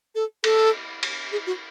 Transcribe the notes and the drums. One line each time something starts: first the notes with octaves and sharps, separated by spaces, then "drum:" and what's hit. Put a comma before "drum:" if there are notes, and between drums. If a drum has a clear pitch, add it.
A4
A4, drum: cymbal
drum: cymbal
G#4
F#4